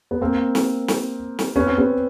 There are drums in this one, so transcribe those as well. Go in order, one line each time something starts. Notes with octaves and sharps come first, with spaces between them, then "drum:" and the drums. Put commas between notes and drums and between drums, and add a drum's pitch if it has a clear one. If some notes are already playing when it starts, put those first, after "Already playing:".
B3
A#3 C4
drum: snare
drum: snare
drum: snare
B3 C#4
C4
B3 C#4